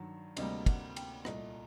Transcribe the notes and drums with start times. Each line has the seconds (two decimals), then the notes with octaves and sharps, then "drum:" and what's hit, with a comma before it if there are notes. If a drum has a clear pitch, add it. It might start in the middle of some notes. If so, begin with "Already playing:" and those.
Already playing: G2 D#3 F#3
0.37 D2 C3 G3 A#3 D#5, drum: cymbal
0.66 F#5, drum: kick, cymbal
0.96 G5, drum: cymbal
1.25 C2 A#2 A3 D#5, drum: rim click